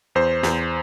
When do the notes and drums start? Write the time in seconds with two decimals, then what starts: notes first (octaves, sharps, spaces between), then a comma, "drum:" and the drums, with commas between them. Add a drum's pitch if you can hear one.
0.15 E2 C5
0.43 E2, drum: snare